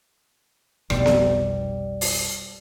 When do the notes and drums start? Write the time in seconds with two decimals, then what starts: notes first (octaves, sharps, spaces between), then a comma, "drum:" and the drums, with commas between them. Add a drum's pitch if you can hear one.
0.90 F1 B1 B2 G3, drum: rim click
1.06 drum: snare B3
2.01 drum: open hi-hat